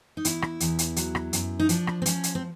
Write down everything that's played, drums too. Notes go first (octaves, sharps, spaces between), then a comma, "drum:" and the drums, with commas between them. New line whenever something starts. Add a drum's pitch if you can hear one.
D#4
E2 E4, drum: hi-hat
drum: rim click
E2, drum: hi-hat
drum: hi-hat
F#3, drum: hi-hat
drum: rim click
F#2, drum: hi-hat
D#4
F3 D4, drum: hi-hat
drum: rim click
C4
F3 C#4, drum: hi-hat
drum: hi-hat
C4